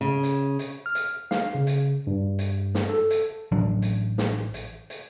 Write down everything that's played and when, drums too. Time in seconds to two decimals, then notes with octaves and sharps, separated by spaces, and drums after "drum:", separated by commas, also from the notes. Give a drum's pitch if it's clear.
0.01 C#3
0.23 drum: hi-hat
0.59 drum: hi-hat
0.86 F6
0.95 drum: hi-hat
1.31 F5, drum: snare
1.55 C#3
1.67 drum: hi-hat
2.07 G2
2.39 drum: hi-hat
2.75 drum: snare
2.89 A4
3.10 drum: hi-hat
3.52 A1 C#3 F#3 D4
3.82 drum: hi-hat
4.18 drum: snare
4.54 drum: hi-hat
4.90 drum: hi-hat